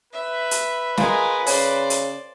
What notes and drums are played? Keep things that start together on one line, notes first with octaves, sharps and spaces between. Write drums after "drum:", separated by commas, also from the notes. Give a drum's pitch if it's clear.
B4 E5
drum: hi-hat
G#3 F4 A#4, drum: snare
C#3 C5 D5, drum: open hi-hat
drum: hi-hat